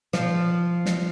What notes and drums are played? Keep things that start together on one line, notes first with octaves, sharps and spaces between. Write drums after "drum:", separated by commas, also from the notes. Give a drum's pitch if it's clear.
F3, drum: snare
drum: snare